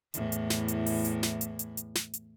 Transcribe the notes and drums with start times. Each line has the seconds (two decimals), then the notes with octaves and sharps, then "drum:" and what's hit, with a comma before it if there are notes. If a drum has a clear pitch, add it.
0.14 E2 A2, drum: hi-hat
0.32 drum: hi-hat
0.50 drum: snare
0.68 drum: hi-hat
0.86 drum: open hi-hat
1.05 drum: hi-hat
1.23 drum: snare
1.41 drum: hi-hat
1.59 drum: hi-hat
1.77 drum: hi-hat
1.95 drum: snare
2.14 drum: hi-hat